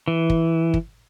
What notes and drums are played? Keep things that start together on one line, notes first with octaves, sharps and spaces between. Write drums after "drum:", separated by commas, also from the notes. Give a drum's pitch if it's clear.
E3
drum: kick
drum: kick